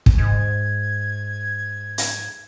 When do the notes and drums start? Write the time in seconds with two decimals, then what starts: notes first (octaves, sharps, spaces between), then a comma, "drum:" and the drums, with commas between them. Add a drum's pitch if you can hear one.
0.06 drum: kick
0.18 G#2 G#6
1.98 drum: hi-hat